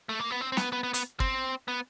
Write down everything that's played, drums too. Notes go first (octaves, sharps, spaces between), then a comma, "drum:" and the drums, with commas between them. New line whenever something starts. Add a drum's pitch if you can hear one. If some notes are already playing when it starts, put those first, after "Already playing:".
A3
A#3
B3
C4
C4
B3, drum: snare
B3
B3
B3, drum: hi-hat
C4, drum: kick
B3